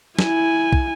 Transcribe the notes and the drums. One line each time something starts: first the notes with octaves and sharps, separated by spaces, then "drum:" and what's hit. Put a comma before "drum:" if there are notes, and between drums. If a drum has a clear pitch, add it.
E4 G#5, drum: snare
drum: kick